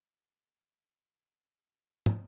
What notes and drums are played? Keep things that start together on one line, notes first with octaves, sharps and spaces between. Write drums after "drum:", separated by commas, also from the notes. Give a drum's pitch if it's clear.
G#2 C#3 F#3 C#4 G4
drum: tom